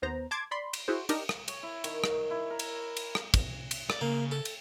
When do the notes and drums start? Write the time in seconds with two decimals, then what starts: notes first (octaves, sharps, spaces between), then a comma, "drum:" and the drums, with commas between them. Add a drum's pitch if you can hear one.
0.02 D#2 B3 C5 A#5
0.31 A5 C6 D6 G#6
0.51 D5 B5 C6
0.73 drum: cymbal
0.88 E4 F#4 G#4 C5
1.09 D4 D#4 G4 A#4 D#5 G5, drum: cymbal
1.29 drum: rim click
1.48 C#5, drum: cymbal
1.63 E4
1.84 D#3, drum: cymbal
2.04 drum: rim click
2.31 E4
2.50 A#4
2.59 drum: cymbal
2.97 drum: cymbal
3.15 drum: rim click
3.34 drum: kick, cymbal
3.71 drum: cymbal
3.90 D5, drum: rim click
4.01 C#3 A#3
4.31 A4
4.45 drum: cymbal